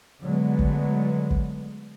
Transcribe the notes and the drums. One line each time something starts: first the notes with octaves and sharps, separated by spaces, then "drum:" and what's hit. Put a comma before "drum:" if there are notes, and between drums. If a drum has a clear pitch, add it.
D3 F#3 G#3 A3 B3
drum: kick
drum: kick